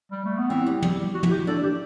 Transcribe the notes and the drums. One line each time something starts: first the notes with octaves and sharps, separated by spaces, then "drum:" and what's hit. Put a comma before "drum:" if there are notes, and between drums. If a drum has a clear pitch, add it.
G3
A3
B3
E3 C4
G3
G3, drum: tom
F#4
E4, drum: tom
G4
D4 A4
G4